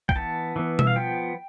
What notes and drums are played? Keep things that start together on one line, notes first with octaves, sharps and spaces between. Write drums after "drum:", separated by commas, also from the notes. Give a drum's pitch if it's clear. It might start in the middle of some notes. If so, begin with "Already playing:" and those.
G5, drum: kick
E3 B3 A5
E3 B3
E5, drum: tom B2
F5
F3 B3 G5